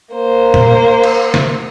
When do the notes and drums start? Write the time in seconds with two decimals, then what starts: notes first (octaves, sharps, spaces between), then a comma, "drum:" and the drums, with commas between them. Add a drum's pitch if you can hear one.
0.14 A#3 C5
0.54 drum: tom A#2
1.04 drum: cymbal
1.34 drum: snare